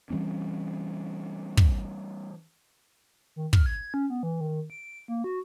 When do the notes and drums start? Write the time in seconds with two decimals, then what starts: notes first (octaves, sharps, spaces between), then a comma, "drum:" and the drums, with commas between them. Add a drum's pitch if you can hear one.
0.10 E3 G3 C4 C#4
1.57 drum: kick
3.36 D#3
3.53 F6, drum: kick
3.66 G#6
3.94 C#4
4.10 B3
4.23 E3
4.41 D#3
4.70 D7
5.08 A#3
5.24 F#4